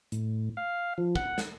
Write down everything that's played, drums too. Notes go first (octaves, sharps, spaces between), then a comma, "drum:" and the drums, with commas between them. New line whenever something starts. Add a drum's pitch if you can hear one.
A2, drum: hi-hat
F5
F3
F#5, drum: kick
drum: snare